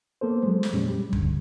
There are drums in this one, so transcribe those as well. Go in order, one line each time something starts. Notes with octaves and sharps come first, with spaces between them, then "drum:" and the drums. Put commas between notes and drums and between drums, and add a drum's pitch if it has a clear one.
A#3 B3 A4 C5
F#3 G#3
drum: snare
F2 A#2 G3 G#3 C#4
G3
G2 D3, drum: kick